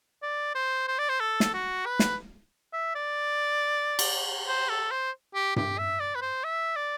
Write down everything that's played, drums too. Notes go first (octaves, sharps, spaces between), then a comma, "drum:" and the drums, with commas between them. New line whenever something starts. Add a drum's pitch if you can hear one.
D5
C5
C5
D5
C5
A4
drum: snare
F#4
B4
drum: snare
E5
D5
drum: cymbal
C5
A4
C5
G4
G4, drum: tom G2
E5
D5
B4
C5
E5
D5